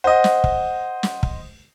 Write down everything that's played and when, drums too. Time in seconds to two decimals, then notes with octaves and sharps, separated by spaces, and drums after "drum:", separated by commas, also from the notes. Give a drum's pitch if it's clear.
0.04 C5 D#5 F#5
0.24 drum: snare
0.44 drum: kick
1.03 drum: snare
1.23 drum: kick